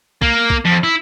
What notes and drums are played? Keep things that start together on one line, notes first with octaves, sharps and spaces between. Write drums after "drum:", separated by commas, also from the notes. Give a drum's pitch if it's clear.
A#3, drum: kick
drum: kick
F2
E4